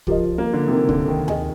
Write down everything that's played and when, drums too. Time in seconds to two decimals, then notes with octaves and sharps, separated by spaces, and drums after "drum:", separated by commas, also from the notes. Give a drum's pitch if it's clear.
0.07 F3 G4 A#4 D#5, drum: kick
0.38 A#3
0.53 D3
0.68 C3 C4 D#4 A#4
0.89 D3, drum: kick
1.08 D#3
1.28 D#3 D4 G#4 D#5 G#5, drum: tom D2